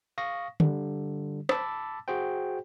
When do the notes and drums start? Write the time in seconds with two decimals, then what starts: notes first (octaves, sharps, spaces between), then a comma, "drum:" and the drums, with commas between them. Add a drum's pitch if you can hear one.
0.18 F5 C#6 D#6 A#6
0.60 D3 G3, drum: tom D3
1.49 A5 B5 D6 E6 A6, drum: rim click
2.08 F#4 G#4 C5 G5